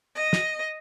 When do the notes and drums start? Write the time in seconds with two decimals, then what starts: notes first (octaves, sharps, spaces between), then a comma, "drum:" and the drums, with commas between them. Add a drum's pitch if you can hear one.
0.14 D#5
0.33 drum: snare